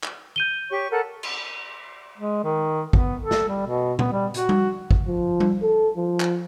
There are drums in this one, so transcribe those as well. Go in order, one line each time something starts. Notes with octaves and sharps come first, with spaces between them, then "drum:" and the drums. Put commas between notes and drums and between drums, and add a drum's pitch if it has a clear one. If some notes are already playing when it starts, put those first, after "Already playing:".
drum: clap
G6 D#7 G7
G4 C#5 C#6
A4 A#4 F#5
drum: cymbal
G#3
D#3
B3, drum: kick
A4
drum: snare
G3
B2
B3, drum: tom A#2
G3
F#4, drum: hi-hat
drum: tom G3
drum: kick
F3
drum: tom G3
A4
F3
drum: clap